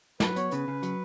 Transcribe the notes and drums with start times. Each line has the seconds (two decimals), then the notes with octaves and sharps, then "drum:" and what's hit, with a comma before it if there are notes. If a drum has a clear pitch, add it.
0.20 F#3 B4, drum: snare
0.36 B3 C#5, drum: hi-hat
0.51 C#3 B4, drum: hi-hat
0.68 C#3
0.83 F#3, drum: hi-hat